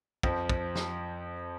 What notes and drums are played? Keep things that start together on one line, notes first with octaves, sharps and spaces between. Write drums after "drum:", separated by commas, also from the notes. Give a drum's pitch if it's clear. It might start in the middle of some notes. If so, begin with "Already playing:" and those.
F2 F3, drum: kick
drum: kick
drum: snare